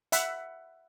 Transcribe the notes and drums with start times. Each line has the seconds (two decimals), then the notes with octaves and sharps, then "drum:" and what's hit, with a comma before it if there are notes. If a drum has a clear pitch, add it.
0.12 E5 F#5 B5, drum: hi-hat